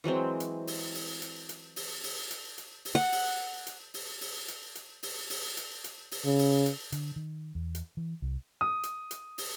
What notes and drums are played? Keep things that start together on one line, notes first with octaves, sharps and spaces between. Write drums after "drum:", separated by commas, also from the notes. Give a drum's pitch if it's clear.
E3 F#3 G#3 C4
drum: hi-hat
drum: open hi-hat
drum: open hi-hat
drum: hi-hat
drum: hi-hat
drum: open hi-hat
drum: open hi-hat
drum: hi-hat
drum: hi-hat
drum: open hi-hat
F#5
drum: open hi-hat
drum: hi-hat
drum: open hi-hat
drum: open hi-hat
drum: hi-hat
drum: hi-hat
drum: open hi-hat
drum: open hi-hat
drum: hi-hat
drum: hi-hat
drum: open hi-hat
C#3
drum: open hi-hat
drum: hi-hat
D3, drum: hi-hat
D#3
E2
drum: hi-hat
E3
C2
D#6
drum: hi-hat
drum: hi-hat
drum: open hi-hat